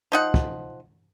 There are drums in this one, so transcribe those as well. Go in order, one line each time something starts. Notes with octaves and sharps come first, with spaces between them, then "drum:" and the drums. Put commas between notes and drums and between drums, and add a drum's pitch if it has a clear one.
F3 D#4 F#5
drum: kick